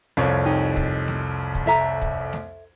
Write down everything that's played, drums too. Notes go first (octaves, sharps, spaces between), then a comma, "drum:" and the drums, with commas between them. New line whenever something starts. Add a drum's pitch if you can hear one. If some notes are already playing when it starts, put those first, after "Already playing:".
C2 F2 C#5 F5
D#4 G4 G#5
drum: kick
drum: snare A3
drum: kick
A4 E5 A#5
drum: kick
drum: snare A3